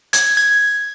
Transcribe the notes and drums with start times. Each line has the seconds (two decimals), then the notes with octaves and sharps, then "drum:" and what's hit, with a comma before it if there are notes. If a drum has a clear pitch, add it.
0.13 G#6, drum: hi-hat
0.37 G#6